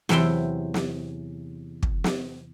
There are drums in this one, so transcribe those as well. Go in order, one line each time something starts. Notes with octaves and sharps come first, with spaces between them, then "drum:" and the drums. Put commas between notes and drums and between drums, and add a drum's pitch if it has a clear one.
E2 C3 F#3 E5 G5 C6, drum: snare
drum: snare
drum: kick
drum: snare